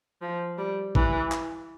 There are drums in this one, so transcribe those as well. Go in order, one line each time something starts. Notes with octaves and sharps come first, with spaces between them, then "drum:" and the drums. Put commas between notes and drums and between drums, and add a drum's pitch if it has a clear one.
F3
G3
E3, drum: kick A1
drum: clap